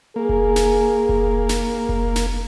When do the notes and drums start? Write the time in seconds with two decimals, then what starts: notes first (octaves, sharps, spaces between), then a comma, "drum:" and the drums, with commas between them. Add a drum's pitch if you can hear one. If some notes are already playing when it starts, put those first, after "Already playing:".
0.16 A#3 G#4
0.29 drum: kick F1
0.56 drum: snare
1.09 drum: kick F1
1.49 drum: snare
1.89 drum: kick F1
2.16 drum: snare